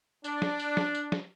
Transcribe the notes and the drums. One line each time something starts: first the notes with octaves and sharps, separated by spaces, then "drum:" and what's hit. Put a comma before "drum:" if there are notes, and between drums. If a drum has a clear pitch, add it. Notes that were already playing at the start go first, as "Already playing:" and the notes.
D4, drum: tambourine
drum: snare
drum: tambourine
drum: snare
drum: tambourine
drum: snare